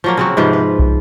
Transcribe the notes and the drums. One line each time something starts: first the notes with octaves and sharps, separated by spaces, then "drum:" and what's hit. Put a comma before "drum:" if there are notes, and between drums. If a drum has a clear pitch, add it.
F3 F#3 A#3
C#3 C4 F#4
G#2 C3 F3 B4
B4
drum: kick